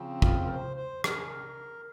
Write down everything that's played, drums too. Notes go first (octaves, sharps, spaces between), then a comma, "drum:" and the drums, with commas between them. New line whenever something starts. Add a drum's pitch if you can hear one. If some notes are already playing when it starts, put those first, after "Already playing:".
Already playing: C#3 F3 C4
F4, drum: kick
A#4
C5
C5
A#4, drum: rim click
G#4
A#4